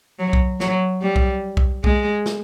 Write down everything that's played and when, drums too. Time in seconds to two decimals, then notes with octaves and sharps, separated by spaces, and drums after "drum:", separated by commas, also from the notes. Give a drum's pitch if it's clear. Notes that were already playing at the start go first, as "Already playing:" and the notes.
0.19 F#3
0.33 drum: kick B1
0.60 F#3, drum: snare
1.01 G3
1.16 drum: kick B1
1.57 drum: kick B1
1.84 G#3, drum: kick B1
2.26 drum: snare